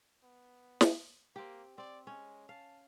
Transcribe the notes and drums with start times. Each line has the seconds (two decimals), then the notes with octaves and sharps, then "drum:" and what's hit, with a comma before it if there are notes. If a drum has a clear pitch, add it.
0.23 B3
0.81 drum: snare
1.36 A#3 C4 G4
1.78 C4 D5
2.07 G#3 C#4
2.49 F5 A5